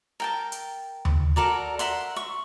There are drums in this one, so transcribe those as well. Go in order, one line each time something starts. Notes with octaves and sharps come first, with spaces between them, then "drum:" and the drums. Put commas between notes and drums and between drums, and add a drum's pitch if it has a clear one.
A#4 G5 A5
drum: hi-hat
drum: tom D#2
F#4 A4 A#4 D5
A#4 E5 F#5 C6, drum: hi-hat
C#6